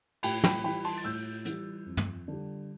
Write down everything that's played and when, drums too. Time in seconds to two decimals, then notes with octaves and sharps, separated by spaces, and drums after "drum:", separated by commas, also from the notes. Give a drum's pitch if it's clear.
0.23 A2 G5 B5, drum: cymbal
0.44 G5 B5, drum: snare
0.64 E3 G3 G5 B5
0.84 A5 C6, drum: open hi-hat
0.98 A6
1.04 A2 E6 G6
1.45 E3 G3, drum: hi-hat
1.86 F2
1.97 drum: tom
2.28 D3 G3